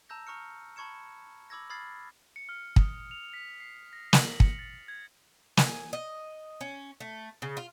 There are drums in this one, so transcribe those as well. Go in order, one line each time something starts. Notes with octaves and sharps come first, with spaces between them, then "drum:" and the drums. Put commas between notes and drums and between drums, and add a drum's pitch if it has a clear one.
A5 A#5 E6 G6 A#6
A#5 C#6 F6 C#7
A5 B5 C#6 G#6 C#7 E7
B5 D6 E6 G#6 A#6
B5 D#6 F6 G#6 A6 C7
C#7
F6
D#6, drum: kick
F7
B6
C7
A#6
F#7, drum: snare
C#7, drum: kick
A6
G#6
G#5, drum: snare
D#5
C#4
A3
C#3
F4